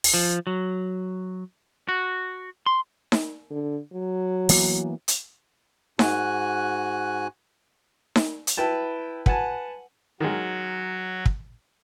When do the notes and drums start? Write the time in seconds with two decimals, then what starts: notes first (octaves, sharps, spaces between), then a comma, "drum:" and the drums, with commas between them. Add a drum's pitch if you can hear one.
0.04 drum: open hi-hat
0.14 F3
0.47 F#3
1.89 F#4
2.66 C6
3.12 drum: snare D#4
3.51 D3
3.93 F#3
4.49 E3 A#3 B3, drum: open hi-hat
5.08 drum: hi-hat
5.99 G#2 F#4 G#5 F#6, drum: snare D#4
8.16 drum: snare D#4
8.47 drum: hi-hat
8.57 E4 B4 G5 A5
9.26 B4 F#5 G#5 A5, drum: kick
10.20 D#3 F#3 G#3 F#4
11.26 drum: kick